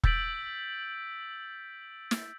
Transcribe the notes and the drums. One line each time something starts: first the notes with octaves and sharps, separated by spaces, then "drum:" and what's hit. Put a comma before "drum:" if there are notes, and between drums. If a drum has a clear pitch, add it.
E6 G6 A6 B6 D7 F#7, drum: kick
drum: snare